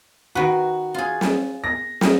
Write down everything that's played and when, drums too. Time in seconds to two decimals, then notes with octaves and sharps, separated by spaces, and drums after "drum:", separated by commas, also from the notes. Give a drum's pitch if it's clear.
0.35 D#3 F#4 B4
0.94 F4 G#4
1.21 drum: snare
1.64 A#6
2.01 drum: snare